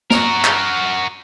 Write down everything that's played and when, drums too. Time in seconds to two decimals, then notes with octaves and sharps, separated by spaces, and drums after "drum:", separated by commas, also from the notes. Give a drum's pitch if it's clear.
0.10 F#4 A#4, drum: snare
0.44 drum: clap